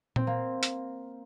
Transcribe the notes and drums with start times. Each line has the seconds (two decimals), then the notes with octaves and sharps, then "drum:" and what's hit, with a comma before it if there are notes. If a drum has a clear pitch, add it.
0.16 C4, drum: tom A#2
0.27 A#3
0.63 drum: hi-hat